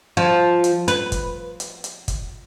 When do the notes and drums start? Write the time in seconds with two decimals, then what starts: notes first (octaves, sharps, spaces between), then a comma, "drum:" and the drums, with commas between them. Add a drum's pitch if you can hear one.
0.17 F3
0.64 drum: hi-hat
0.88 B4, drum: hi-hat
1.12 drum: kick, hi-hat
1.60 drum: hi-hat
1.84 drum: hi-hat
2.08 drum: kick, hi-hat